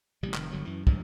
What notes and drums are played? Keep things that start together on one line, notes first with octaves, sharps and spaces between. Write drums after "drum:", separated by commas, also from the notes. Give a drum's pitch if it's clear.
A1 C3 G3
F1 D#3, drum: clap
G1 D3 F#3
F#2 E3
G2 F3 G#3, drum: kick